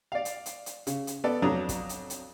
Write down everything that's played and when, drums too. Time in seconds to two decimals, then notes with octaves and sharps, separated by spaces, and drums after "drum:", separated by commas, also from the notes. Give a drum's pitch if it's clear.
0.12 D5 F5
0.25 drum: hi-hat
0.46 drum: hi-hat
0.66 drum: hi-hat
0.87 C#3, drum: hi-hat
1.07 drum: hi-hat
1.24 B3 A4 D5
1.42 F2 F#3 D4 A#5 D#6
1.69 drum: kick, hi-hat
1.89 drum: hi-hat
2.10 drum: hi-hat